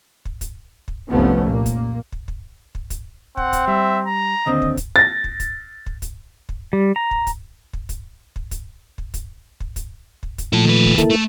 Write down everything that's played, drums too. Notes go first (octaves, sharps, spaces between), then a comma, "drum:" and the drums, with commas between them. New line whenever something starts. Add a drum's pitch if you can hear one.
drum: kick
drum: kick, hi-hat
drum: kick
F1 C2 F3 A3 B3 C#4
A#2 A#3
drum: kick, hi-hat
drum: kick
drum: kick
drum: kick
drum: kick, hi-hat
C4 F#5, drum: kick
drum: kick, hi-hat
G3 E5
A#5
D#2 D3 C4 D#5
drum: kick
drum: kick, hi-hat
A6 A#6
drum: kick
drum: kick, hi-hat
drum: kick
drum: kick, hi-hat
drum: kick
G3
A#5
drum: kick
drum: kick, hi-hat
drum: kick
drum: kick, hi-hat
drum: kick
drum: kick, hi-hat
drum: kick
drum: kick, hi-hat
drum: kick
drum: kick, hi-hat
drum: kick
drum: kick, hi-hat
A#2 F3 A3 E4 A4
D#3 B4
drum: kick
A#3 E4 A4, drum: kick, hi-hat
A3